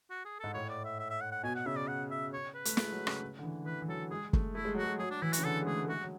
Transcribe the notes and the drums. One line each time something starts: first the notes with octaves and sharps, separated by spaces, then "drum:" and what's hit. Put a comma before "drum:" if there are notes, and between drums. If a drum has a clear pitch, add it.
F#4
G#4
G#2 A4
A2 C#5
D5
E5
E5
E5
F#5
F#5
B2 G#5
F#5
C#3 E5
D5
F#5
E5
C#5
B4
A3, drum: hi-hat
G#3, drum: snare
F#3
C#3, drum: rim click
C#3
D3
E3
E3 B4
E3
F#3 A4
G#3 G#4
A3, drum: kick
A3 E4
G#3
F#3 F#4
G#3
F#3 G#4
D4
E3 E4
F#4, drum: hi-hat
C#3
D3 A4
G#3
A3 G#4
A3
G#3 F#4
F#3